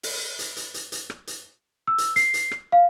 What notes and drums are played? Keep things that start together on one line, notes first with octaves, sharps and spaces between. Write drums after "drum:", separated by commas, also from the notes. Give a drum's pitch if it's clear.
drum: open hi-hat
drum: hi-hat
drum: hi-hat
drum: hi-hat
drum: hi-hat
drum: rim click
drum: hi-hat
E6
drum: hi-hat
C7, drum: hi-hat
drum: hi-hat
drum: rim click
F5